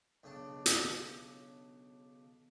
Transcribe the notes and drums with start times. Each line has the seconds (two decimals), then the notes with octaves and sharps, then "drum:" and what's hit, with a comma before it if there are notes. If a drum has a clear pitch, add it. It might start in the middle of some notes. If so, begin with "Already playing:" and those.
0.23 B1 C#3 D4 A5
0.66 drum: hi-hat